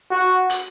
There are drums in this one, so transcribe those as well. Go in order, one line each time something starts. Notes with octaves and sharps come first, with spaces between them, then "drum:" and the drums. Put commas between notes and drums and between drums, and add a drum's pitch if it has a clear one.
F#4
drum: hi-hat